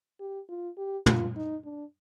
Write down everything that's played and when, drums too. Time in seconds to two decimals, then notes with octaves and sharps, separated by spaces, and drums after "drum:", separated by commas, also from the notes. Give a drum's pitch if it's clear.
0.20 G4
0.49 F4
0.77 G4
1.06 F4, drum: tom
1.36 D#4
1.64 D4